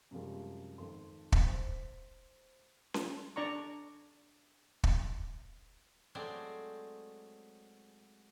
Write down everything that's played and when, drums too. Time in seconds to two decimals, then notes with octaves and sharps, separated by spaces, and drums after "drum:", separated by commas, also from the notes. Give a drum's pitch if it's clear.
0.11 F#2 C3 F3 G3 G#3
0.78 G#1 F2 C6
1.32 B6, drum: kick
1.46 C5
2.94 drum: snare C#4
3.36 D4 D5 A#5 C#6
4.84 drum: kick
6.15 F#3 G#3 A3 C4 C5 D5